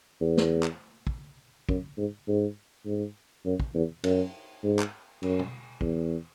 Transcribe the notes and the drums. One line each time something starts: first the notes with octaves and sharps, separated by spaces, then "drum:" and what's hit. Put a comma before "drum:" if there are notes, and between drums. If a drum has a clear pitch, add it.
E2
drum: snare
drum: clap
drum: kick
F#2, drum: kick
G#2
G#2
G#2
F#2
drum: kick
E2
F#2, drum: cymbal
G#2
drum: clap
F#2, drum: cymbal
drum: tom B2
E2, drum: kick